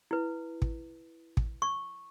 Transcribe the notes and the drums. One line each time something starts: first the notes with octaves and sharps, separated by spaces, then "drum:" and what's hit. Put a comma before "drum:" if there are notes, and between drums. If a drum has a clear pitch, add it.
E4 B4
drum: kick
drum: kick
C#6